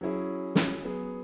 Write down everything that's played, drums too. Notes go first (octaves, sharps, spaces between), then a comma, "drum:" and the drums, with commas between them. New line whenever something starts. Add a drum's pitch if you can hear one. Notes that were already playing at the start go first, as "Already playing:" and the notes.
F#3 C#4 E4 G#4
drum: snare
F#3 B3 G#4